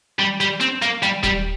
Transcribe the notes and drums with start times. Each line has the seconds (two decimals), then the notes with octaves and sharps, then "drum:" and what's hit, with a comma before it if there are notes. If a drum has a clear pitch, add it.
0.19 G3
0.40 G3, drum: hi-hat
0.60 C4, drum: hi-hat
0.82 A#3, drum: hi-hat
1.03 G3, drum: hi-hat
1.23 G3, drum: kick D#1, hi-hat